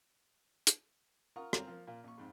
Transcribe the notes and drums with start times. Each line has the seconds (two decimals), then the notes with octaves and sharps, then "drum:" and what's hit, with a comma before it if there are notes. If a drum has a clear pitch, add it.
0.67 drum: hi-hat
1.36 F4 A#4 F#5 A#5 C#6 D#6
1.53 C4 F4 A#4 A#5, drum: rim click
1.67 F3 A#3
1.87 A#2 F4
2.04 A#1 C#6
2.18 F2 G#2